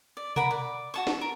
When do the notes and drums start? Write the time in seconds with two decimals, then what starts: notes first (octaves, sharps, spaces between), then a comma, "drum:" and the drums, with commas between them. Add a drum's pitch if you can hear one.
0.17 D5
0.36 A#4 F#5 B5, drum: tom B2
0.51 D5
0.94 F#4 A5 C#6
1.07 drum: snare
1.21 A#4